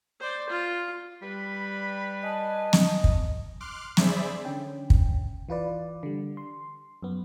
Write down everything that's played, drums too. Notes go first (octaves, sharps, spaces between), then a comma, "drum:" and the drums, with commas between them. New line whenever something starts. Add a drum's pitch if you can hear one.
C5 D5
F4
G3 B4 B5
D#5 G#5 A5
drum: snare
drum: kick
C6 D6 F6 F#6
G#4 C5 D5 E5 B5, drum: snare
D3 C#4 G5
drum: kick
E3 F4 B4 D5
D3 G3
C6
F#2 B3